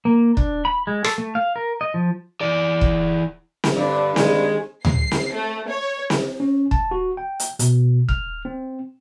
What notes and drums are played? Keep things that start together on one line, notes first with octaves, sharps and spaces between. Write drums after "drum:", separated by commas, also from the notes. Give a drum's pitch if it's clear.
A#3
D4, drum: kick
B5
G#3
A4, drum: rim click
A3
F5
A#4
D#5
F3
E3 D5
drum: kick
drum: snare C4
G2 D3 D5
D#3 G#3 G#4, drum: snare C4
C7, drum: tom D2
drum: snare C4
A3
C#5
drum: snare C4
C#4
A5, drum: kick
F#4
G5
drum: hi-hat
B2, drum: hi-hat
F6, drum: kick
C4